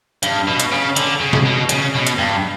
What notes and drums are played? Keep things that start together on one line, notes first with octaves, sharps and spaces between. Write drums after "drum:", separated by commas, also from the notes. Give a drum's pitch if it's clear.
G2, drum: hi-hat
B2
drum: hi-hat
C#3
D3, drum: hi-hat
C#3
drum: snare
B2
C#3, drum: hi-hat
B2
drum: hi-hat
G2